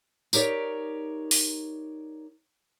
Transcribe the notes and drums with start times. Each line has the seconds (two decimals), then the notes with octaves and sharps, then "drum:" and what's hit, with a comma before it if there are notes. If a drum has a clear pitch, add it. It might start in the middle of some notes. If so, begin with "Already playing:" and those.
0.33 D#4 G4 A#4 C#5 D5, drum: tambourine
1.31 drum: open hi-hat